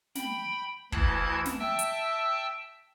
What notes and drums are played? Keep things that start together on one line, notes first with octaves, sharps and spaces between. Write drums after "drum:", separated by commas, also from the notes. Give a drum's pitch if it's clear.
G5 B5, drum: snare
D2 E3 E4 A5 G#6, drum: kick
drum: snare
E5 G5 A5 E6
drum: hi-hat